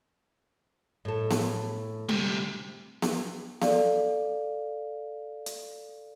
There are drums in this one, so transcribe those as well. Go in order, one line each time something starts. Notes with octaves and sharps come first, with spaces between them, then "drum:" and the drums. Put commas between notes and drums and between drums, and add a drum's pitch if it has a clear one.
A2 A4
drum: snare B3
D2 C3, drum: tom G3
drum: snare B3
A4 D5 F5, drum: snare B3
drum: hi-hat